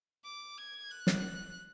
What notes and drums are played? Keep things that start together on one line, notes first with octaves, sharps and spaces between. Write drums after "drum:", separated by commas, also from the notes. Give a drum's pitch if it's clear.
D6
G#6
F#6
drum: snare